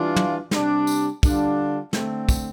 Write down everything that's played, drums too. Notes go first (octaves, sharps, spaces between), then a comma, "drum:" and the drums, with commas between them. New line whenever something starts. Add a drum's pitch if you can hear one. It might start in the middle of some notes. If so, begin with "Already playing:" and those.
Already playing: E3 G3 D4 F4
drum: tom
C3 G3 D4, drum: snare
drum: tambourine
D3 G3 D4 F4, drum: kick, tambourine
D3 A3 C4, drum: snare
drum: kick, tambourine